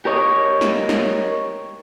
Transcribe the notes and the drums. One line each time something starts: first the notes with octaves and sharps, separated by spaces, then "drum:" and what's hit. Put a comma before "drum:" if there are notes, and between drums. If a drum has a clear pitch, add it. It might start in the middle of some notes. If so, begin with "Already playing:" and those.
G4 A#4 C#5 D#5
drum: snare
drum: snare